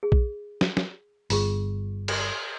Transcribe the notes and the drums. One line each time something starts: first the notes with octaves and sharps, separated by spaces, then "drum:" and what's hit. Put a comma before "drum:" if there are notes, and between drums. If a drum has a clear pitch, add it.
G#4
drum: kick A#1
drum: snare
drum: snare
G1 F4 G#4 C#6, drum: open hi-hat
drum: cymbal